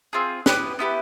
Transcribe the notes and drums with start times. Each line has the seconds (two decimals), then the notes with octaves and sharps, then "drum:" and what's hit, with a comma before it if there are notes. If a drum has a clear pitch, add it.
0.13 C4 F4 G#4
0.46 B3 E4 G4 B4, drum: snare
0.79 B3 E4 G4 B4